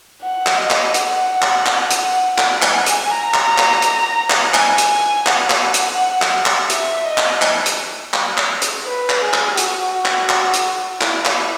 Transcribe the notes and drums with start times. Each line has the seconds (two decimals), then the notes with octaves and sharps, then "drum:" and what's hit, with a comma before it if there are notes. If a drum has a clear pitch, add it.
0.22 F#5
0.46 drum: clap
0.58 D#5
0.70 drum: clap
0.94 F#5, drum: hi-hat
1.42 drum: clap
1.66 drum: clap
1.90 drum: hi-hat
2.38 F#5, drum: clap
2.62 drum: clap
2.74 G#5
2.86 drum: hi-hat
3.10 A#5
3.34 drum: clap
3.58 drum: clap
3.82 drum: hi-hat
4.30 drum: clap
4.54 G#5, drum: clap
4.78 drum: hi-hat
5.26 F#5, drum: clap
5.50 drum: clap
5.74 drum: hi-hat
6.22 drum: clap
6.46 drum: clap
6.69 E5, drum: hi-hat
7.05 D#5
7.18 drum: clap
7.42 drum: clap
7.66 drum: hi-hat
8.14 drum: clap
8.38 drum: clap
8.62 drum: hi-hat
8.86 B4
9.09 drum: clap
9.22 G#4
9.33 drum: clap
9.57 F#4, drum: hi-hat
10.05 drum: clap
10.29 drum: clap
10.53 drum: hi-hat
11.01 E4, drum: clap
11.25 drum: clap